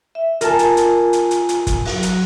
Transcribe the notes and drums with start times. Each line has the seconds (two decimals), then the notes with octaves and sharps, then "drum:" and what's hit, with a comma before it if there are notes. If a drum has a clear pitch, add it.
0.15 E5
0.41 F4 A#4 G#5 A5, drum: hi-hat
0.59 drum: hi-hat
0.77 drum: hi-hat
1.13 drum: hi-hat
1.31 drum: hi-hat
1.49 drum: hi-hat
1.67 drum: kick, hi-hat
1.85 F#3 F#4, drum: open hi-hat
2.03 drum: hi-hat